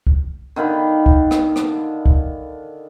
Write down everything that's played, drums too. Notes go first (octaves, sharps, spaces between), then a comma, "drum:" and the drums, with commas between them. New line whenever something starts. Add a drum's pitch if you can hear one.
drum: kick
D3 D#3 F5 B5
drum: kick
drum: rim click
drum: rim click
drum: kick